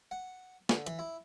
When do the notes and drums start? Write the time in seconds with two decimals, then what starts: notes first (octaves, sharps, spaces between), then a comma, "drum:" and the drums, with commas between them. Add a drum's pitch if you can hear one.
0.11 F#5
0.69 D3, drum: snare
0.87 E3, drum: hi-hat
0.99 E4